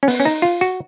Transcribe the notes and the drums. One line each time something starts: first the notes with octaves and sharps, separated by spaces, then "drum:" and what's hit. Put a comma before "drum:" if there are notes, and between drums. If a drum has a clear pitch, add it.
C#4
B3, drum: open hi-hat
C#4
D#4
F4
F#4